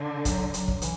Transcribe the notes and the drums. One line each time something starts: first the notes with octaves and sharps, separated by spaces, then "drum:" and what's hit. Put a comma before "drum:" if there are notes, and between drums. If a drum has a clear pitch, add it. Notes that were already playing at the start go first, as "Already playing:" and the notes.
Already playing: D3
F#3, drum: kick, hi-hat
F#3, drum: hi-hat
drum: kick
E3, drum: hi-hat